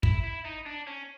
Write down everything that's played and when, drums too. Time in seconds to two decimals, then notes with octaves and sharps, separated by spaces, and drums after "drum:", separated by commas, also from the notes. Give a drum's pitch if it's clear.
0.03 E4, drum: kick
0.24 E4
0.45 D#4
0.66 D4
0.87 C#4